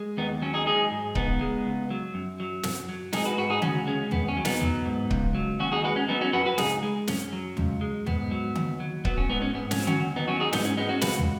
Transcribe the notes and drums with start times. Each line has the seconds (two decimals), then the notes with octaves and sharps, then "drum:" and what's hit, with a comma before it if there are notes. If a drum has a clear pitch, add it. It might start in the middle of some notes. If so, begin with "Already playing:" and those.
Already playing: G#3
0.17 D#2 B3 D#4
0.42 F#3 C#4
0.54 D#4 G#4
0.66 G#3 D#4 G#4
0.91 G#2
1.15 C#2 B3 D#4, drum: kick C#1
1.41 G#3
1.66 C#2
1.90 F#3
2.14 F#2
2.40 F#3
2.63 F#2, drum: snare
2.89 F#3
3.13 G#3 D#4 G#4, drum: snare
3.25 F#4 B4
3.38 G#2 F#4 B4
3.50 D#4 G#4
3.62 C#2 C#4 F#4, drum: tom D3
3.87 G#3 C#4
4.11 D#2 B3, drum: tom
4.28 C#4
4.37 F#3
4.45 B3 D#4, drum: snare
4.61 F#3, drum: tom
4.86 G#2
5.11 C#2, drum: kick C#1
5.35 F#3
5.59 D#2 C#4 F#4
5.72 D#4 G#4
5.84 G#3 F#4 B4
5.96 C#4
6.09 F#3 B3 D#4
6.21 C#4 F#4
6.33 F#2 F#4 B4
6.46 F#4 B4
6.58 C#2 D#4 G#4, drum: snare
6.83 G#3
7.07 F#2 C#4, drum: snare
7.33 F#3
7.57 C#2, drum: tom
7.81 G#3
8.06 G#2 B3, drum: tom
8.31 F#3
8.55 D#2, drum: tom D3
8.80 F#3
9.05 F#3 B3, drum: kick C#1
9.17 C#4
9.29 G#2 B3 D#4
9.42 C#4
9.54 G#2 B3
9.71 C#4, drum: snare
9.79 F#3
9.87 C#4 F#4, drum: tom D3
10.03 D#2
10.16 B3 D#4
10.27 F#3 C#4 F#4
10.40 D#4 G#4
10.53 G#2 B3 D#4, drum: snare
10.65 C#4
10.77 G#3 B3 D#4
10.89 C#4 F#4
11.01 C#2 F#4 B4, drum: snare
11.18 drum: tom